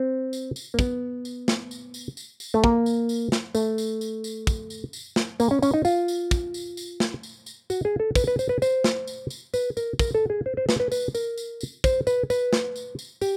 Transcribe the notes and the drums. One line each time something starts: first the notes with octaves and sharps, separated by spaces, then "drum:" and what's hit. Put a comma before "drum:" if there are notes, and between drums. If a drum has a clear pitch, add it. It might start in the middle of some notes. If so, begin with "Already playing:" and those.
Already playing: C4
drum: tambourine
drum: tambourine
A#3
B3, drum: kick, tambourine
drum: tambourine
drum: snare
drum: tambourine
drum: tambourine
drum: tambourine
drum: tambourine
A3
A#3, drum: kick
drum: tambourine
drum: tambourine
drum: snare
A3, drum: tambourine
drum: tambourine
drum: tambourine
drum: tambourine
drum: kick, tambourine
drum: tambourine
drum: tambourine
drum: snare
A#3, drum: tambourine
C#4
C#4, drum: tambourine
D#4
F4, drum: tambourine
drum: tambourine
drum: kick, tambourine
drum: tambourine
drum: tambourine
drum: snare
drum: tambourine
drum: tambourine
F#4, drum: tambourine
G#4
A4
B4, drum: kick, tambourine
B4
C5, drum: tambourine
B4
C5, drum: tambourine
drum: snare
drum: tambourine
drum: tambourine
B4, drum: tambourine
A#4, drum: tambourine
A#4, drum: kick, tambourine
A4
G#4
C5
C5
B4, drum: snare
B4
B4, drum: tambourine
A#4, drum: tambourine
drum: tambourine
drum: tambourine
C5, drum: kick, tambourine
B4, drum: tambourine
B4, drum: tambourine
drum: snare
drum: tambourine
drum: tambourine
G4, drum: tambourine